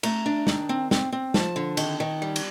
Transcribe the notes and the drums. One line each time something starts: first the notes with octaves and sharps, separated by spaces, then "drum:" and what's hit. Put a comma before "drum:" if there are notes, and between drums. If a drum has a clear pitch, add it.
A3 A#5, drum: cymbal
D4
D#3, drum: snare
C4
C4, drum: snare
C4
F3 A5, drum: snare
D3
D#3, drum: cymbal
D#3
G3
drum: cymbal